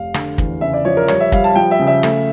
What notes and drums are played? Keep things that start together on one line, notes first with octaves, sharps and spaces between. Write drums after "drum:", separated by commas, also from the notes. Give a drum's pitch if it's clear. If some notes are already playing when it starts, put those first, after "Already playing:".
Already playing: F1 F5
D3, drum: rim click
E2, drum: kick
C#3 E5
D5
F3 C#5
A#4
G3 C#5, drum: rim click
E5
G3 F5, drum: kick
A5
F3 G5
E5
C#3
E5
A3, drum: rim click